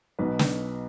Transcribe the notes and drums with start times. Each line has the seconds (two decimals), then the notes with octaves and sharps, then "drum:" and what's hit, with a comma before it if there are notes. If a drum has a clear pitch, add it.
0.19 B1 B2 B4
0.39 drum: snare